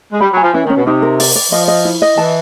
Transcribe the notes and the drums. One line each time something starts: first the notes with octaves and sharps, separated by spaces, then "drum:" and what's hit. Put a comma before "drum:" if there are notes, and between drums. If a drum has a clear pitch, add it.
G#3
G3 B5
F#3
G#5
F3
E3 C#4
D#3
C#4
B2
C3 D#4
A#4
D5, drum: open hi-hat
D5
F3 D#5
D#5
E4
D#5
E3 A5